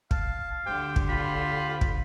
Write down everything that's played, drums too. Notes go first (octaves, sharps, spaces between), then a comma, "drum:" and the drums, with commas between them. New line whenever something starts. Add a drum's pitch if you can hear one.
F5 A5, drum: kick
D2 D3 G4 C5 G5
drum: kick
F4 B5
drum: kick